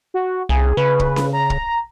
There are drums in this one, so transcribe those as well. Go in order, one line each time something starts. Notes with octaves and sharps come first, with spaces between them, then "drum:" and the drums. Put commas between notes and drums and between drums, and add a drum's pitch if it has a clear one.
F#4
C2 G#4
C#3 B4
drum: kick
drum: snare C#4
A#5
drum: kick